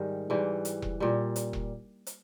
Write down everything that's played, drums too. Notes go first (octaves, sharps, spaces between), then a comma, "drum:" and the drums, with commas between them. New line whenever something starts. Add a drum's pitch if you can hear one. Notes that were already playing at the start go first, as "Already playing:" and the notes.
Already playing: G#2 D#3 G3
G#2 E3 G3
drum: hi-hat
drum: kick E1
A#2 G3
drum: hi-hat
drum: kick E1
drum: hi-hat